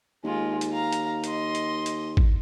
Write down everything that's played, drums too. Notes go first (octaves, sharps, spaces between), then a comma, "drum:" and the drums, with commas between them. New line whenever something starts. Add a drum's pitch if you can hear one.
D#2 G#3 F4
drum: hi-hat
F5 A#5
drum: hi-hat
D#5 C6, drum: hi-hat
drum: hi-hat
drum: hi-hat
drum: kick G#1